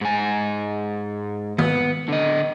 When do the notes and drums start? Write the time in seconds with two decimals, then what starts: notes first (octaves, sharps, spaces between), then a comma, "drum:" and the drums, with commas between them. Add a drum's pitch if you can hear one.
0.01 G#2 G#5
1.58 B3, drum: tom D#3
2.09 D3 D#5